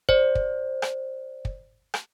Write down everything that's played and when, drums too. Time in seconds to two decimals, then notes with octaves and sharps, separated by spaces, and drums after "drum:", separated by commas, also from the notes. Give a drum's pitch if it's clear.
0.09 C5 D5, drum: kick
0.35 drum: kick
0.82 drum: rim click
1.45 drum: kick
1.94 drum: rim click